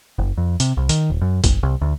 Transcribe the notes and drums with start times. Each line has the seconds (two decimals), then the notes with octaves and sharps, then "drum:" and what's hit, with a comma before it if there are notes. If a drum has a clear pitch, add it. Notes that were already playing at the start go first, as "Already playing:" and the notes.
0.18 F#1
0.37 F2
0.60 C3, drum: hi-hat
0.77 C2
0.89 D#3, drum: hi-hat
1.10 D#1
1.21 F#2
1.44 F#1, drum: kick, hi-hat
1.63 C2
1.81 D2